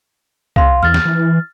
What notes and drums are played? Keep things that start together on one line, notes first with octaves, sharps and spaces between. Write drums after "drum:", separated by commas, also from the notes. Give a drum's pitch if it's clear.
F5 C6, drum: kick
E2 F6 A6
drum: snare
E3